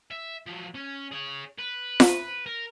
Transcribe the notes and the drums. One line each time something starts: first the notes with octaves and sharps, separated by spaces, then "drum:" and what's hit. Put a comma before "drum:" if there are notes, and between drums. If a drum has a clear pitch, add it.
E5
F3 F#3
C#4
G#4 C#5
B4
drum: snare F4
A#4